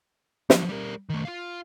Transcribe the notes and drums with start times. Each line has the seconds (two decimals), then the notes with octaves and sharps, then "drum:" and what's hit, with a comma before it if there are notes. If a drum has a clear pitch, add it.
0.50 F3 F#3, drum: snare
0.69 G3 A#4
1.09 D#3 A3
1.25 F4 F5